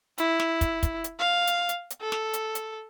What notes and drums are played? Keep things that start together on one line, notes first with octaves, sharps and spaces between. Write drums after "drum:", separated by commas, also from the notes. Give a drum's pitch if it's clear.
E4, drum: hi-hat
drum: snare
drum: kick, hi-hat
drum: kick, hi-hat
drum: hi-hat
F5
drum: hi-hat
drum: hi-hat
drum: hi-hat
A4
drum: snare
drum: hi-hat
drum: hi-hat